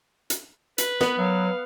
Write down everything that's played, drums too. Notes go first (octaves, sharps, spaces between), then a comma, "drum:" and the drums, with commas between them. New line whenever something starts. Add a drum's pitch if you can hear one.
drum: hi-hat
B4, drum: hi-hat
B3, drum: snare
F#3 F5